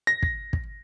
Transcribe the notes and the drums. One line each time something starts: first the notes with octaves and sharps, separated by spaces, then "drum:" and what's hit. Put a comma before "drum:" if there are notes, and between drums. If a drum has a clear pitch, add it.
A#6
drum: kick
drum: kick